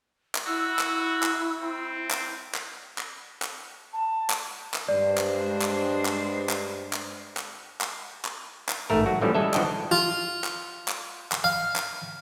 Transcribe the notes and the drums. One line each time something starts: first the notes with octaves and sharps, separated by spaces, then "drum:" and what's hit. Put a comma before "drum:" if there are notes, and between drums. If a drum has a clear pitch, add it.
drum: clap
E4 F#4 E6
drum: clap
drum: clap
C4
drum: clap
drum: clap
drum: clap
drum: clap
A5
drum: clap
drum: clap
G2 G#3 D4 C5 D5
drum: clap
drum: clap
drum: clap
drum: clap
drum: clap
drum: clap
drum: clap
drum: clap
drum: clap
A1 G#2 A3 A#4
F#3 F#4
E3 F3 G3 A3 C#4 E4
G3 G#3 A4 E5
E3 F3 D4 F#4 D#5 G5, drum: clap
F4
drum: clap
drum: clap
drum: clap
F5
drum: clap